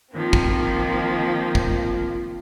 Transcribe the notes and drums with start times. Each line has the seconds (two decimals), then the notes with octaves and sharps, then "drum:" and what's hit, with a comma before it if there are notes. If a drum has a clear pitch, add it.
0.13 D#3 F3 A#3 C4
0.33 drum: kick
1.55 drum: kick